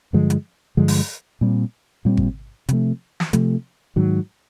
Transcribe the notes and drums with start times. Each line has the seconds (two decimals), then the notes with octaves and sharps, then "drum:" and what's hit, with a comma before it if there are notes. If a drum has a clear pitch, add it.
0.13 G2 D3 F3 G#3
0.30 drum: hi-hat
0.77 G2 D3 F3 G#3
0.88 drum: open hi-hat
1.41 A#2 G3 C4
2.05 A#2 G3 C4
2.17 drum: kick G#1
2.69 C3 F3 A3, drum: hi-hat
3.20 drum: snare
3.33 C3 F3 A3, drum: hi-hat
3.96 G#2 D#3 F#3